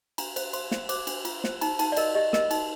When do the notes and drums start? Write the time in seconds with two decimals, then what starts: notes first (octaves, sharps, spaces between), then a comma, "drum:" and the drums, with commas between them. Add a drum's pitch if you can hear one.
0.18 D4 A#5, drum: cymbal
0.36 C5, drum: cymbal
0.53 C5 C6, drum: cymbal
0.71 C5, drum: snare
0.89 C5 D6, drum: cymbal
1.07 D4, drum: cymbal
1.25 F4, drum: cymbal
1.44 C5, drum: snare
1.61 D#4 A#5, drum: cymbal
1.79 D#4 A5, drum: cymbal
1.92 D5
1.97 A#4 D#5, drum: cymbal
2.15 G4 D#5
2.33 A#4 D#5, drum: snare
2.51 D#4, drum: cymbal